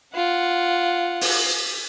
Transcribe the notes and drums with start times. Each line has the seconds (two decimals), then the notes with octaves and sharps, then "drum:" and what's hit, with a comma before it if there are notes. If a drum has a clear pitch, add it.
0.14 F4 F#5
1.21 drum: open hi-hat